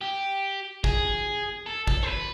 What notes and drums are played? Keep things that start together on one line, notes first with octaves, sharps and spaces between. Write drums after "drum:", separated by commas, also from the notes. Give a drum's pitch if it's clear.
G4
G#4, drum: kick
A4
A4, drum: kick
C5
B4